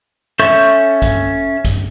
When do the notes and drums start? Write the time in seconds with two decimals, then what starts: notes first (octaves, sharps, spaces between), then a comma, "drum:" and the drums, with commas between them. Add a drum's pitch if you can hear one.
0.39 C#4 A4 E5 C#6 G6
1.02 drum: kick A#1, hi-hat
1.65 drum: kick A#1, hi-hat